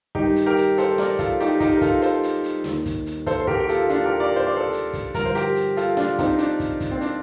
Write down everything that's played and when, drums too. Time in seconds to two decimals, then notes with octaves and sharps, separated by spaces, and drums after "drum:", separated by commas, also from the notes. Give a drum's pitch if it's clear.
0.15 G2 D#3 D#4 G4, drum: kick
0.36 drum: hi-hat
0.46 G4 A#4
0.57 drum: hi-hat
0.78 A4 C5, drum: hi-hat
0.98 A#4 D5, drum: snare
1.19 F4 A4, drum: kick, hi-hat
1.40 D#4 G4, drum: hi-hat
1.60 D#4 G4, drum: kick, hi-hat
1.76 A#4
1.81 F4 A4, drum: kick, hi-hat
2.02 A4 C5, drum: hi-hat
2.23 drum: hi-hat
2.44 drum: hi-hat
2.64 D#2 D#3, drum: snare
2.86 drum: kick, hi-hat
3.06 drum: hi-hat
3.27 A4 C5, drum: kick, hi-hat
3.41 C5
3.47 G4 A#4, drum: kick
3.60 G4
3.69 F4 A4, drum: hi-hat
3.89 D4 F4, drum: hi-hat
4.04 G4 A#4
4.20 A#4 D5
4.36 C5
4.47 D5
4.56 A4 C5
4.73 drum: hi-hat
4.93 drum: kick, hi-hat
5.14 G2 D3 F3 A#4, drum: kick, hi-hat
5.25 C5
5.35 G4 A#4, drum: hi-hat
5.56 drum: hi-hat
5.77 F4 A4, drum: hi-hat
5.97 D4 F4, drum: snare
6.19 C4 D#4, drum: kick, hi-hat
6.38 D4, drum: hi-hat
6.60 drum: kick, hi-hat
6.80 drum: kick, hi-hat
6.91 C4
7.01 D4, drum: hi-hat